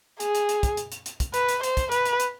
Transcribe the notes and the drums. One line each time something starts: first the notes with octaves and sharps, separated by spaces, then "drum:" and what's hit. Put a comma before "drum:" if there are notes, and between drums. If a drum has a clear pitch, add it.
G#4, drum: hi-hat
drum: hi-hat
drum: hi-hat
drum: kick, hi-hat
drum: hi-hat
drum: hi-hat
drum: hi-hat
drum: kick, hi-hat
B4, drum: hi-hat
drum: hi-hat
C5, drum: hi-hat
drum: kick, hi-hat
B4, drum: hi-hat
drum: hi-hat
drum: hi-hat